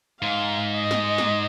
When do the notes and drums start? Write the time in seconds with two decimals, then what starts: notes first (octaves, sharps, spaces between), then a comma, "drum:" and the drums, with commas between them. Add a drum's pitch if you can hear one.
0.22 G#2 F5
0.76 D#5
0.91 drum: snare
1.18 drum: snare